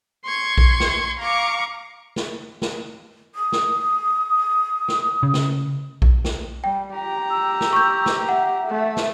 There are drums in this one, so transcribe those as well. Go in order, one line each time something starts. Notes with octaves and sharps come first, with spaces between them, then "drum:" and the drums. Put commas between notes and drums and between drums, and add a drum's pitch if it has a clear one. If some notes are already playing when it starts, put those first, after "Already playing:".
C6 C#6 G#6
drum: kick A#1
drum: snare
F5 A#5 C#6 D6
drum: snare
drum: snare
D#6
drum: snare
drum: snare
C#3
drum: snare
drum: kick A#1
drum: snare
G3 G5
G4 A#5
E6
drum: snare
C#6 G6
drum: snare
E5 F#5
A3
drum: snare